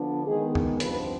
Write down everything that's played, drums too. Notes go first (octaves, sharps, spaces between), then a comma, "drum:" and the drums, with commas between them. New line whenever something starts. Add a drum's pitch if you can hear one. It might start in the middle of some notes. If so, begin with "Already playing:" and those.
Already playing: D3 F3 B3 D4
D#3 G#3 B3 G#4
drum: tom E2
G2 F3 C4 B4, drum: hi-hat